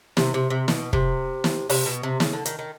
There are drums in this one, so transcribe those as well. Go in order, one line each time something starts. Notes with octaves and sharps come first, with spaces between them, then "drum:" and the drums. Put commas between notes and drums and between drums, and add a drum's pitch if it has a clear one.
C3, drum: snare
C3
C3
B2, drum: snare
C3, drum: kick
drum: snare
C3, drum: open hi-hat
B2
C3
C#3, drum: snare
D3
D#3, drum: hi-hat
D#3